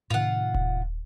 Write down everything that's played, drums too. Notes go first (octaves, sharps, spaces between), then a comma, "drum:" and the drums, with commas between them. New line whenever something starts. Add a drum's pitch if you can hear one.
A2 C3 D#3 F4 F#5
drum: kick D#1